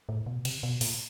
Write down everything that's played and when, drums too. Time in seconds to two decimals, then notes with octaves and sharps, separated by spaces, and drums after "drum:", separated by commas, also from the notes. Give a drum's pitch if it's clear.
0.09 A2
0.26 B2
0.45 C3, drum: cymbal
0.63 B2
0.81 A#2, drum: open hi-hat